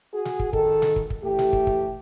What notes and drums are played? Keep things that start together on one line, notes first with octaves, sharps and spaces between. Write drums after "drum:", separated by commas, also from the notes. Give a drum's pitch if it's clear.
F#4 G#4
drum: snare
drum: kick
D#3 A4, drum: kick
drum: snare
drum: kick
drum: kick
E3 A3 G4
drum: snare
drum: kick
drum: kick